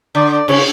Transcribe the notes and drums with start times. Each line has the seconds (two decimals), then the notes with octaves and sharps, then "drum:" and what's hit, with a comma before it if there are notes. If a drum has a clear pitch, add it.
0.15 D3 D5
0.32 D5
0.48 C#3 C#5, drum: cymbal